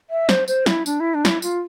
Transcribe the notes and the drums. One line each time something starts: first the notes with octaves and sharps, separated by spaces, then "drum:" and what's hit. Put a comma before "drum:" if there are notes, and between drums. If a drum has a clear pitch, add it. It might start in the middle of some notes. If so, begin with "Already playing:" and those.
E5
C5, drum: snare
C5, drum: tambourine
E4, drum: snare
D4, drum: tambourine
E4
D4
F4, drum: snare
E4
F4, drum: tambourine